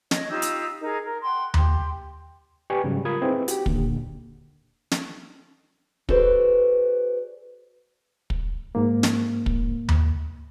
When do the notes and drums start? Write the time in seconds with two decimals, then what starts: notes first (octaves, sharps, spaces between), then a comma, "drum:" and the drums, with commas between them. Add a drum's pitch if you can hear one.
0.11 C#5 D#5, drum: snare
0.30 D#4 F4 G4 E6
0.42 drum: hi-hat
0.80 D#4 G#4 A#4
1.03 A#4
1.23 F#5 G5 C6
1.54 G4 C6, drum: tom D#2
2.70 G4 B4 D5 G#5 C#6
2.84 G#2 C#3 F#3 G3
3.05 F4 A#4 B5 D#6 G#6
3.22 C4 D#4 E4 G#4 B4
3.48 F#4 G4, drum: hi-hat
3.66 D#2 A#2 D3, drum: kick
4.91 drum: snare
6.09 F#4 G#4 A4 B4 C5 D5, drum: kick
8.30 drum: kick
8.75 G#2 A#3
9.03 drum: snare
9.46 drum: kick
9.89 drum: tom D#2